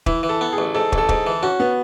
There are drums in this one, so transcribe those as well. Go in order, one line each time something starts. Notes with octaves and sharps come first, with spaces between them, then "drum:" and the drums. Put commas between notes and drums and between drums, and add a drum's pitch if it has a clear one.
E3 E4, drum: kick
E3
A4
B3
G#4
A1
G#2 A4
A1, drum: kick
A4
G#2, drum: kick
E3
C#4 F#4
B3